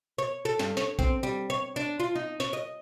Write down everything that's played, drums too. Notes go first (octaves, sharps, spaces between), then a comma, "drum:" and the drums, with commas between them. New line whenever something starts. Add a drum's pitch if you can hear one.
C#5
A4
G2, drum: snare
C#5, drum: snare
C4, drum: kick
G3
C#5
D4
F4
D#4
C#5, drum: snare
D#5